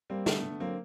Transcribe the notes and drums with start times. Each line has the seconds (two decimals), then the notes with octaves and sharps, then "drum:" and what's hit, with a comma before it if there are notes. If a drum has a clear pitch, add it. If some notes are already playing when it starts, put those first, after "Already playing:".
0.10 G3 A#3 C4
0.26 D3 A3 B3, drum: snare
0.43 D3
0.60 F#3 A#3 C4